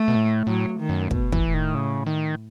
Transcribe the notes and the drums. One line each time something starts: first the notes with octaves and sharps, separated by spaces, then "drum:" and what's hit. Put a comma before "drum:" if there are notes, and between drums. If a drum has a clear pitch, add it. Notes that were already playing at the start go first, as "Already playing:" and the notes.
Already playing: A3
B2
A2
A2 F#3
D#3
F#2
B2, drum: kick
E3, drum: kick
A2
D#3
C#3
D#3